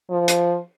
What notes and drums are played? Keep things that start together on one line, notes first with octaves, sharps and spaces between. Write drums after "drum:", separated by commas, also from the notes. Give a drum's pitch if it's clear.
F3
drum: hi-hat